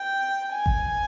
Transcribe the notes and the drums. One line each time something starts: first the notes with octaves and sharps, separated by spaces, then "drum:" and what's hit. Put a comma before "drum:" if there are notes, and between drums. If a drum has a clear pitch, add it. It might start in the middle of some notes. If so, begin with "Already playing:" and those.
Already playing: G5
G#5
drum: kick G1